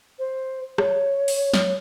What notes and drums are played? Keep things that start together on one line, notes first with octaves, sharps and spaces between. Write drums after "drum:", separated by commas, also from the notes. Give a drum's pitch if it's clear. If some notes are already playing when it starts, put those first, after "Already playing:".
C5
C#5, drum: rim click
drum: open hi-hat
drum: snare